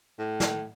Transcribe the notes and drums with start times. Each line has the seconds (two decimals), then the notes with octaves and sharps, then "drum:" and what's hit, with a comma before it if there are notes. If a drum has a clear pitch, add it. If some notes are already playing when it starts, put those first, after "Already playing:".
0.19 A2
0.40 drum: snare